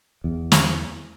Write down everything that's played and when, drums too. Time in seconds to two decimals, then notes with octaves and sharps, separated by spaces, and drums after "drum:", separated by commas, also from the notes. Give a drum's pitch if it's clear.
0.24 E2
0.52 drum: snare